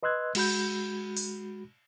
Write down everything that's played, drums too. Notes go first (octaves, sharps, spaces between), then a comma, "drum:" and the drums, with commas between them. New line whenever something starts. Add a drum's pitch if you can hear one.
B4 D#5 C6 E6 F#6 G#6
G#3 F#4 B5 G6, drum: cymbal
drum: open hi-hat